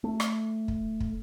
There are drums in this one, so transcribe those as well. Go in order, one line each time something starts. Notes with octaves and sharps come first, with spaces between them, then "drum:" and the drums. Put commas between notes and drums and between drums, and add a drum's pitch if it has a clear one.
A3
drum: rim click
drum: kick
drum: kick